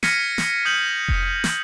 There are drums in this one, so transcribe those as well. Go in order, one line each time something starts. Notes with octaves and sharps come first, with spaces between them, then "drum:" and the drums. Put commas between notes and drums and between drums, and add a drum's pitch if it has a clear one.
F6 G#6 A#6 B6 C#7 D#7, drum: snare
drum: snare
D#6 G6 F#7
drum: kick F1
drum: snare